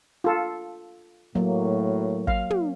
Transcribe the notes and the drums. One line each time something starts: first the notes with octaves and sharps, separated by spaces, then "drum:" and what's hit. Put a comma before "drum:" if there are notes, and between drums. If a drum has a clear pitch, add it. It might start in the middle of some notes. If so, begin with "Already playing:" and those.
F4 A4
A2 F#3 A#3
F5, drum: kick
drum: tom